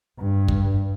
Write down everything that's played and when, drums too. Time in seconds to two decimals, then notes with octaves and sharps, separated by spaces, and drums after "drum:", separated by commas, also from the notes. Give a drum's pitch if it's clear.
0.19 G2
0.48 drum: kick